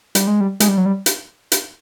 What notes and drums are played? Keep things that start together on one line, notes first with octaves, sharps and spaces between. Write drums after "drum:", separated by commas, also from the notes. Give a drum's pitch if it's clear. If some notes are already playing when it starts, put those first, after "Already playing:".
G3, drum: hi-hat
G#3
G3
G#3, drum: hi-hat
G3
F#3
G3
drum: hi-hat
drum: hi-hat